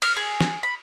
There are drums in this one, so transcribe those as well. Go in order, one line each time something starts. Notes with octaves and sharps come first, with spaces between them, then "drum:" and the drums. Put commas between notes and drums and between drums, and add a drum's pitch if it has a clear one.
F6, drum: cymbal
G#4
drum: snare
B5